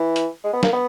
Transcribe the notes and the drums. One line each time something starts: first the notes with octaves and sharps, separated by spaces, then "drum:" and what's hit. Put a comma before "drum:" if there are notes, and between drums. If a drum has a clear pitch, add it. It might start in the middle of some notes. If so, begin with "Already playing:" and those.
Already playing: E3
drum: hi-hat
G#3
B3
A#3, drum: snare
B3